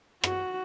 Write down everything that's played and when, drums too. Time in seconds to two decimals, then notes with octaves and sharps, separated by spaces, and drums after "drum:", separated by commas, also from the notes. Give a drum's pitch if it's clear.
0.24 F#4, drum: rim click